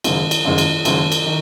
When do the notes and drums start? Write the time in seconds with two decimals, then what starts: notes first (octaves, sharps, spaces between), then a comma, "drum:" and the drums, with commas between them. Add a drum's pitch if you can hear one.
0.04 F#1 F#2 D#3 G#3, drum: cymbal
0.31 drum: cymbal
0.45 F#1 F#2 D#3 G#3
0.58 drum: cymbal
0.85 F#1 F#2 D#3 G#3, drum: cymbal
1.12 drum: cymbal
1.26 D#3